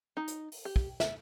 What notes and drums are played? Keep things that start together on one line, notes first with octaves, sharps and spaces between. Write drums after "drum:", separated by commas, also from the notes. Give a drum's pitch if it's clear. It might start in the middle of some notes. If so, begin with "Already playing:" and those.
D#4
drum: hi-hat
drum: open hi-hat
G4
drum: kick
E5, drum: snare